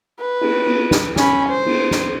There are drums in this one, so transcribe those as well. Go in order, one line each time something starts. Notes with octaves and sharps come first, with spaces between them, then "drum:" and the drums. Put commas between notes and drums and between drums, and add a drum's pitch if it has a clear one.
B4
drum: cymbal
drum: cymbal
drum: snare
C#4 B5, drum: snare
C5
drum: cymbal
drum: snare